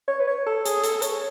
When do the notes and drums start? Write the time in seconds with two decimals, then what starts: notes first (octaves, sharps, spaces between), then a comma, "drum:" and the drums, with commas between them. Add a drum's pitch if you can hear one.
0.08 C#5
0.20 B4
0.27 C#5
0.46 A4
0.65 G#4, drum: hi-hat
0.83 A4, drum: hi-hat
1.02 C#5, drum: hi-hat